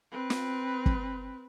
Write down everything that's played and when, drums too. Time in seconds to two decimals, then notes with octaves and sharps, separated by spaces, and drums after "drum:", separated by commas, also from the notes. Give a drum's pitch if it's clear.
0.12 C4 B4
0.30 drum: snare
0.86 drum: kick